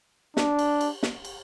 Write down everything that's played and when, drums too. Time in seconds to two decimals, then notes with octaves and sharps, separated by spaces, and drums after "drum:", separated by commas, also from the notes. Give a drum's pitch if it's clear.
0.37 D4, drum: snare
0.59 drum: cymbal
0.81 drum: cymbal
1.03 drum: snare
1.25 drum: cymbal